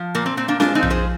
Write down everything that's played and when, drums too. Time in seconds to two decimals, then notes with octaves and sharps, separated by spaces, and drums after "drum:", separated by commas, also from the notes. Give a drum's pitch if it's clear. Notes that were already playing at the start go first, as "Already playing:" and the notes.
Already playing: F3
0.15 A#2 A#3
0.26 C4
0.37 A#2 C4
0.48 A#3 D4
0.60 G#3 D4 F4, drum: snare C4
0.75 C4 D#4
0.83 F3, drum: tom A#1
0.90 G#4 C5